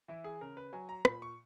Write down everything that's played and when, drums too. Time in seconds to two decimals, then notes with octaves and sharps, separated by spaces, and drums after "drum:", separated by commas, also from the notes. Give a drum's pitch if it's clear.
0.08 E3 E4
0.24 G#4
0.41 C#3 A#4
0.57 B4
0.73 F#3 G#5
0.89 A#5
1.05 A#2 B5, drum: rim click
1.22 C#6